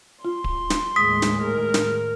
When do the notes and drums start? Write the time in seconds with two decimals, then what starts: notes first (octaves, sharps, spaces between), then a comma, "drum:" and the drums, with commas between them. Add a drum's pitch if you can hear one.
0.25 F4 C6
0.44 drum: kick D1
0.70 drum: snare
0.96 D#2 A2 G#3 D#6 B6
1.22 drum: snare
1.42 A#4
1.74 drum: snare